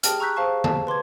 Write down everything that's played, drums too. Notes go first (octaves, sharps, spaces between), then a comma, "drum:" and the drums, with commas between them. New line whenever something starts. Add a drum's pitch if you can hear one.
G4 G#4 G5 A5 F6, drum: hi-hat
A#5 C#6 E6 F#6 G6 B6
G#4 C5 F5 A5 C#6
A5, drum: tom D3
B4 C6 D6 G#6